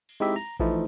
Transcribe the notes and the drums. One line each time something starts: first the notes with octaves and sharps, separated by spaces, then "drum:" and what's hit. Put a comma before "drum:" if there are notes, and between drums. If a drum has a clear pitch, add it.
drum: cymbal
G#3 C4 D#4 E4 G4 E5
A#5
E3 F3 A3 D#4 E4, drum: kick A1